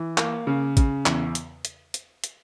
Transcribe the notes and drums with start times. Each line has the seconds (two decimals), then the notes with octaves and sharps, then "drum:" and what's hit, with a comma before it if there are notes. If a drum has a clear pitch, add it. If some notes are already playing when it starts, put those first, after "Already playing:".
Already playing: E3
0.18 A#3, drum: clap
0.47 C#3
0.77 C#3, drum: kick G#1, hi-hat
1.06 E2, drum: clap
1.35 drum: hi-hat
1.65 drum: hi-hat
1.94 drum: hi-hat
2.24 drum: hi-hat